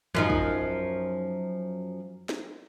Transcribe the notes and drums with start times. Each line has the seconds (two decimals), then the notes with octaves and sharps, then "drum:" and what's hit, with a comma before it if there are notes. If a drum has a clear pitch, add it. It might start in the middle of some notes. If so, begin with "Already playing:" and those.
0.15 F#2 F3 D#4, drum: tom D#3
0.30 drum: kick
2.29 drum: snare